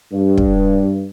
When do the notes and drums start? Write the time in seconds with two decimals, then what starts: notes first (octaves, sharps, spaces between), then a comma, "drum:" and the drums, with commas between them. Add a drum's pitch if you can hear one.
0.12 G2
0.37 drum: kick